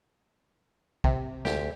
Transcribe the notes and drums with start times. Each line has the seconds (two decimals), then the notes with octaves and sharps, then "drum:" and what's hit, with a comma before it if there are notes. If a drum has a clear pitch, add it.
1.04 C3, drum: kick B1
1.45 D2 G4, drum: snare